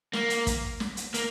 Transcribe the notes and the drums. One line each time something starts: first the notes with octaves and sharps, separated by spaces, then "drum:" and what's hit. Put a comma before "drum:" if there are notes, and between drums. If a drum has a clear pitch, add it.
A#3, drum: snare
drum: hi-hat
drum: kick, hi-hat
drum: snare
drum: hi-hat
A#3, drum: hi-hat